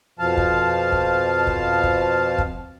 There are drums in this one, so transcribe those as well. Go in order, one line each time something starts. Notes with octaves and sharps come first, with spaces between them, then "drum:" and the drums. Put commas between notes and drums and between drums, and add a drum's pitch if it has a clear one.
F2 B2 F3 F5 A5
drum: kick
drum: kick
drum: kick
drum: kick
drum: kick